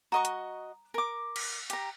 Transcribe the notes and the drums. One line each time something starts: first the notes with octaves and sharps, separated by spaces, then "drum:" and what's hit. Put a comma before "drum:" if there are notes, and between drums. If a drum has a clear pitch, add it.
F#4 D#5 A#5 C#6 D#6
drum: hi-hat
A#4 D6
drum: cymbal
G4 A#5, drum: hi-hat